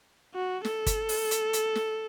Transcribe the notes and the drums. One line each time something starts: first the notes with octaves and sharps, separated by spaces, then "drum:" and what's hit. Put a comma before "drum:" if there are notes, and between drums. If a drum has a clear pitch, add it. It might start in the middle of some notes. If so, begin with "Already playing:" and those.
F#4
A4, drum: snare
drum: kick G1, hi-hat
drum: open hi-hat
drum: hi-hat
drum: hi-hat
drum: snare